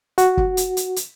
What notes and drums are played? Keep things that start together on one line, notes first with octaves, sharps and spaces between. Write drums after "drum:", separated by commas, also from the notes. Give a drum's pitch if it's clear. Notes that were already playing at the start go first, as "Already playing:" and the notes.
F#4, drum: hi-hat
drum: kick
drum: hi-hat
drum: hi-hat
drum: hi-hat